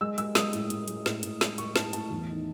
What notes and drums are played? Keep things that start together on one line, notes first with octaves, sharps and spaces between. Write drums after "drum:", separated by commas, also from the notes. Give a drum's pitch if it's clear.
G#3 E6
G#3 E6, drum: hi-hat
G#3 D#6, drum: snare
A2, drum: hi-hat
A2, drum: hi-hat
G#3, drum: hi-hat
A2, drum: snare
A2, drum: hi-hat
G#3, drum: snare
A2 C#6, drum: hi-hat
A2 A5, drum: snare
A2 A5, drum: hi-hat
E2
D#3